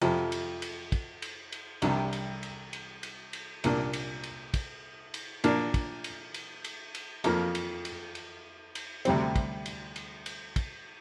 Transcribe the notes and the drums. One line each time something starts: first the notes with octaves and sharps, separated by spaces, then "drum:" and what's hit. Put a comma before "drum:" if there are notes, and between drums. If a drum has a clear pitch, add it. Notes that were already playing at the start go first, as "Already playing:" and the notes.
F2 C3 F3, drum: cymbal
drum: cymbal
drum: cymbal
drum: kick, cymbal
drum: cymbal
drum: cymbal
C2 C3 G3 D4, drum: cymbal
drum: cymbal
drum: cymbal
drum: cymbal
drum: cymbal
drum: cymbal
C2 A#2 A#3 D4, drum: cymbal
drum: cymbal
drum: cymbal
drum: kick, cymbal
drum: cymbal
A#2 A#3 D4, drum: cymbal
drum: kick, cymbal
drum: cymbal
drum: cymbal
drum: cymbal
drum: cymbal
F2 F3 A#3, drum: cymbal
drum: cymbal
drum: cymbal
drum: cymbal
drum: cymbal
D2 C3 G3 C4, drum: cymbal
drum: kick, cymbal
drum: cymbal
drum: cymbal
drum: cymbal
drum: kick, cymbal